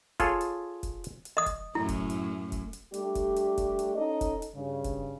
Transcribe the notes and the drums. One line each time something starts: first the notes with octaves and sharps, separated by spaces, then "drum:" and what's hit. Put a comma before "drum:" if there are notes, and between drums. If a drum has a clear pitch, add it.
F4 G#4 A4 C#5, drum: kick F1, hi-hat
drum: hi-hat
drum: kick F1, hi-hat
drum: hi-hat
drum: hi-hat
D#5 D#6
drum: kick F1, hi-hat
F#2 A2 E4
drum: kick F1, hi-hat
drum: hi-hat
drum: kick F1, hi-hat
drum: hi-hat
G3 A3 D4 G4, drum: hi-hat
drum: kick F1, hi-hat
drum: hi-hat
drum: kick F1, hi-hat
drum: hi-hat
C#4 D#4 A4 D#5
drum: kick F1, hi-hat
drum: hi-hat
G2 C#3
drum: kick F1, hi-hat